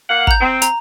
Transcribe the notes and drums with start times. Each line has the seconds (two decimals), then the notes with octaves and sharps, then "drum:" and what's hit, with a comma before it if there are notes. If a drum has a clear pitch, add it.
0.10 A#3 F5 F#5
0.27 A#5 G6, drum: kick
0.41 C4
0.62 A#5, drum: hi-hat